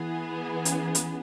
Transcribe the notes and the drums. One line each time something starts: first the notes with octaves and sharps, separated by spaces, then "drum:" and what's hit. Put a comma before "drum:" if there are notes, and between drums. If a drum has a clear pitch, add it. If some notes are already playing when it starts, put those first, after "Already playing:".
Already playing: E3 B3 E4 G#4
C#4, drum: hi-hat
drum: hi-hat